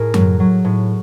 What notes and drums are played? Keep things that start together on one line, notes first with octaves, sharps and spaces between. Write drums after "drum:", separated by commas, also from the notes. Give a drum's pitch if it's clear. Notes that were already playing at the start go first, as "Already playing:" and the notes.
Already playing: A2 G#4 A#4
F#3, drum: tom F#2
F#3
A2